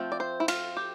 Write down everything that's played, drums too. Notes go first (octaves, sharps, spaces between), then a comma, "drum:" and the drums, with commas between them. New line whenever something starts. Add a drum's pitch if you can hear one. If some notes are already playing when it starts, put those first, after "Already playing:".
Already playing: F3 A3 C4
D5
C5
E4
F4, drum: cymbal
G4